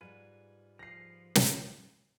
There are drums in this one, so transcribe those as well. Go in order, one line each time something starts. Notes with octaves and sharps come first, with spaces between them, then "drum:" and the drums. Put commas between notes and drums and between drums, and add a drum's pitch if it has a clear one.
G#2 G3 G#3 F4 G#4 B4
F3 A#6 C7
drum: snare